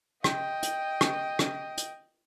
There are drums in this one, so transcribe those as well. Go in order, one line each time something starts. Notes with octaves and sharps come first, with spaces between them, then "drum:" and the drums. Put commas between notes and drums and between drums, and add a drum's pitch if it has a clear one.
D#5 G5, drum: rim click
drum: hi-hat
drum: rim click
drum: rim click
drum: hi-hat